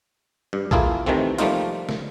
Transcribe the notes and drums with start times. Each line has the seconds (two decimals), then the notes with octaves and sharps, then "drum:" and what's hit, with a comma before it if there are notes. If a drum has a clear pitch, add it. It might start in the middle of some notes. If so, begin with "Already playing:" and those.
0.53 G2
0.71 A#3 E4 F4 G#4 A4, drum: kick A#1
1.06 C3 D#3 E3 A3 C4
1.38 F3 G3 A3 A#3 D#4 F4, drum: hi-hat
1.89 drum: snare